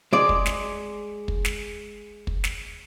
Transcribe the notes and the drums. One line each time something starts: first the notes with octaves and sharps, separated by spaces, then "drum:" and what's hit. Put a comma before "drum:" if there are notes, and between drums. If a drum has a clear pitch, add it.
G#3 D5
drum: kick
drum: snare
drum: kick
drum: snare
drum: kick
drum: snare